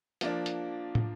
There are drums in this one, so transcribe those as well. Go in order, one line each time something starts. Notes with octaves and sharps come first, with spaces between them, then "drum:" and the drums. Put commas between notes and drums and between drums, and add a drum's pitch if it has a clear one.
F3 A#3 D4, drum: hi-hat
drum: hi-hat
drum: tom